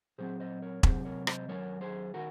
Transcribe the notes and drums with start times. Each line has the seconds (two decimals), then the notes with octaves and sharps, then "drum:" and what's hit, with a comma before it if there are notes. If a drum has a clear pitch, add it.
0.18 A#2 F#3 C4 G#4 C5
0.40 C5 D#5
0.62 A#4 C#5
0.83 C3 F#3 C4 G#4 C5, drum: kick E1
1.05 A#4 C#5
1.27 C5 D#5, drum: rim click
1.48 D#2 D#3 F#3 A#4 C#5
1.81 G#4 C5
2.14 D#3 F#4 A#4